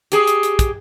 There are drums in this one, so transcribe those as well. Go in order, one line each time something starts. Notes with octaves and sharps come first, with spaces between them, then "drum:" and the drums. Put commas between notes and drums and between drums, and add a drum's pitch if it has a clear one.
G4 G#4, drum: hi-hat
drum: hi-hat
drum: hi-hat
drum: kick, hi-hat